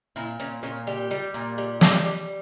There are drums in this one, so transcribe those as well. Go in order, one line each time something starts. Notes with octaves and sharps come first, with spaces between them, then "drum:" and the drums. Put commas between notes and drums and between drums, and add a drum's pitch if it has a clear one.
A#2 E4
A#2 C#4
A#2 C#4
G3 G4
G3
A#2
G3
G3 G4, drum: snare
G3